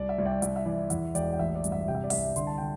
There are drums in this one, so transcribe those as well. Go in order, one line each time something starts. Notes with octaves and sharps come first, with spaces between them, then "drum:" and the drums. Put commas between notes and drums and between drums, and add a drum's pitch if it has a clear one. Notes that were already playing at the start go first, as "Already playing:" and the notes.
Already playing: C2 D5
E5
C2
D5 G5
C2 E5, drum: hi-hat
E5
E3 D5
E2 E5, drum: hi-hat
E1 D5 G5, drum: hi-hat
G5
A1 E5
D5
G2, drum: hi-hat
E5
C3 G5
E5
D5
C2 E5, drum: open hi-hat
D3 C6, drum: hi-hat
A5
D3 G5